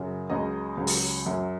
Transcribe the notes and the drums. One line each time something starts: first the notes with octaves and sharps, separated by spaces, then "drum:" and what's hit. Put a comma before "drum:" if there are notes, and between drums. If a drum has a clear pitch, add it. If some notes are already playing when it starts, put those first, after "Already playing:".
Already playing: F#2 C#3 F#3
C#2 C#3 F#3 D#5
C#2 C#3 F#3
drum: open hi-hat
F#2 F#3